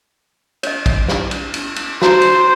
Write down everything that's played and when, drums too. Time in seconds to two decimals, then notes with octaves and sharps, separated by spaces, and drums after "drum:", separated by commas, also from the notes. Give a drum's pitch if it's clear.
0.63 C#5 D#5, drum: cymbal
0.86 drum: kick, cymbal
1.08 drum: snare
1.31 drum: cymbal
1.54 drum: cymbal
1.76 drum: cymbal
2.02 F#4 C5 A#5, drum: snare
2.21 drum: cymbal